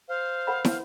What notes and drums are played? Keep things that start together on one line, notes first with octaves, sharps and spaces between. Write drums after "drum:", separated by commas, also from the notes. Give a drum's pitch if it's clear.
C5 F5
A#4 F#5 B5
drum: snare